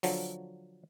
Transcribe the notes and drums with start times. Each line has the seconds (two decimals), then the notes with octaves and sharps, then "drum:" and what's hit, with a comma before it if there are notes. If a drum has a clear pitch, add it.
0.03 D3 F3 F#3, drum: open hi-hat